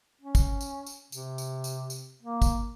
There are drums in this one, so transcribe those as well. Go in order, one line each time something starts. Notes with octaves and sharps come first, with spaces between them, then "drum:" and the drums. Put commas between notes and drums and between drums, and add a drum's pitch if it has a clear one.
C#4
drum: kick, tambourine
drum: tambourine
drum: tambourine
C3, drum: tambourine
drum: tambourine
drum: tambourine
drum: tambourine
A#3
drum: kick, tambourine